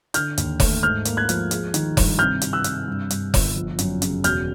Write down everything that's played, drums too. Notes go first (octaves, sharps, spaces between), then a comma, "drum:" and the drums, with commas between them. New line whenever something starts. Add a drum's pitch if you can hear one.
D3 F6 G6, drum: hi-hat
D#2, drum: hi-hat
A3, drum: kick F1, open hi-hat
G#2 F6 G6
A#3, drum: hi-hat
F#6 G#6
F3, drum: hi-hat
G#3, drum: hi-hat
D#3, drum: hi-hat
G2, drum: kick F1, open hi-hat
C3 F6 G6
C3, drum: hi-hat
E6 F#6
C3, drum: hi-hat
G2
G2, drum: hi-hat
G1, drum: kick F1, open hi-hat
F3
F#2, drum: hi-hat
C#3, drum: hi-hat
E1 F6 G6, drum: hi-hat